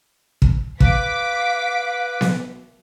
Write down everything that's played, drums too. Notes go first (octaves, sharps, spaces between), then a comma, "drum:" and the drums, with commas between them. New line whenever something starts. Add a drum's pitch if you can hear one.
drum: kick
B4 F5 D6 B6, drum: kick
drum: snare B3